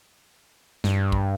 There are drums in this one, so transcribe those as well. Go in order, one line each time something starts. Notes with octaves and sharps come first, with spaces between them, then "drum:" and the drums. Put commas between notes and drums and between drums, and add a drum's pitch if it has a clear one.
G2, drum: snare
drum: kick